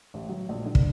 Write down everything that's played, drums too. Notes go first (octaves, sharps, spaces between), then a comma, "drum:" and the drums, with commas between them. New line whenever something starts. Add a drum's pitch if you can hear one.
A1
F#3
A#1
D3
drum: kick